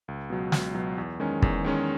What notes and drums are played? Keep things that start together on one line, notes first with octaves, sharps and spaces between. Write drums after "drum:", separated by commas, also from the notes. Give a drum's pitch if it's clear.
C#2
B2 F#3
C#2, drum: snare
B2 F#3
E2
D#3 G#3 C#4
E2, drum: kick
D#3 G#3 C#4